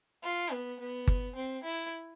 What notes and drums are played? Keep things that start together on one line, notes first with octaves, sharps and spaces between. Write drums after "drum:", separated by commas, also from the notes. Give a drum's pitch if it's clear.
F4
B3
B3
drum: kick G1
C4
E4